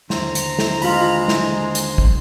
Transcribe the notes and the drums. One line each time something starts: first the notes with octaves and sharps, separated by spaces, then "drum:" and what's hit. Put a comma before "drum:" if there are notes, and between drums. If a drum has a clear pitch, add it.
D#2 D3 C5 A#5, drum: snare
drum: hi-hat
drum: snare
G#3 F4 B5, drum: open hi-hat
drum: snare
drum: hi-hat
drum: kick